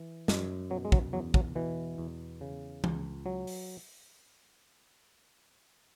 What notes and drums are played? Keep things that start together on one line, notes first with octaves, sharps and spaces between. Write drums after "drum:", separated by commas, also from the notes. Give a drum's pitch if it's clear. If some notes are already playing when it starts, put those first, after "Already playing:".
Already playing: E3
F#2, drum: snare
B2 F#3
G#3
F#3, drum: kick
E2 F#3
F#3, drum: kick
B2 E3
E2
C#3
C#2, drum: tom E3
F#3
drum: open hi-hat